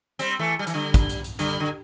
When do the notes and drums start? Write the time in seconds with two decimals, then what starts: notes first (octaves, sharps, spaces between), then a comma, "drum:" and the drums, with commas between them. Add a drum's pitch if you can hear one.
0.19 G3 C4, drum: hi-hat
0.39 E3 A3
0.59 G3
0.67 E3, drum: hi-hat
0.74 D3 G3
0.94 drum: kick, hi-hat
1.09 drum: hi-hat
1.24 drum: hi-hat
1.39 D3 G3, drum: hi-hat
1.60 D3